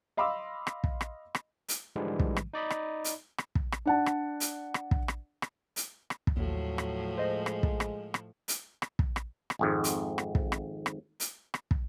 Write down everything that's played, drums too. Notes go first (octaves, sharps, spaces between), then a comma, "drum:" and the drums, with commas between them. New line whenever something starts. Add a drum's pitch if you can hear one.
D#5 F5 B5 C6 D6 E6
drum: rim click
drum: kick
drum: rim click
drum: rim click
drum: hi-hat
G#2 D3 E3 F3 G3 G#3
drum: kick
drum: rim click
D#4 D5 D#5 B5
drum: rim click
drum: hi-hat
drum: rim click
drum: kick
drum: rim click
D4 F#5 A5
drum: rim click
drum: hi-hat
drum: rim click
drum: kick
drum: rim click
drum: rim click
drum: hi-hat
drum: rim click
drum: kick
D#2 A2 F3 F#3
drum: rim click
G#3 C5 D#5
drum: rim click
drum: kick
drum: rim click
drum: rim click
drum: hi-hat
drum: rim click
drum: kick
drum: rim click
drum: rim click
G#1 F2 G#2
drum: hi-hat
drum: rim click
drum: kick
drum: rim click
drum: rim click
drum: hi-hat
drum: rim click
drum: kick